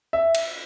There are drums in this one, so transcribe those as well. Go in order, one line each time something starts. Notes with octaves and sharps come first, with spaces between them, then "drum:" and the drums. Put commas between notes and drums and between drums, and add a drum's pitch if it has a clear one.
E5
drum: cymbal